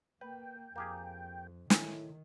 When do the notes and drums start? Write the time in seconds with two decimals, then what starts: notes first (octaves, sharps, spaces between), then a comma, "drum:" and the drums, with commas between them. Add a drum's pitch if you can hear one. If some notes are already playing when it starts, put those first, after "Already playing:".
0.21 A#3 B4 G5
0.76 F2 A#3 G4 G#4
1.70 A2 D#3 E5 G#5, drum: snare